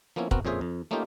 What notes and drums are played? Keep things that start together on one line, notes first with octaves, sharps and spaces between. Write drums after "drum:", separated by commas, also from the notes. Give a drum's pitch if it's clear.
F3 A#3 B3 C#4 E4
B3 C4 F#4 A#4, drum: kick
F2 A#2 C#4 G#4 C5 E5
F2
A3 A#3 C#4 D#4 F4 G4